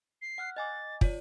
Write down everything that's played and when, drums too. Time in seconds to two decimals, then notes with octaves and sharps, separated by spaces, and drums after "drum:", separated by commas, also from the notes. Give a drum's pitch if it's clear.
0.22 C7
0.38 F#5 F6 F#6
0.57 D#5 G#5 D6 A6
1.01 F4 C#5 D5, drum: kick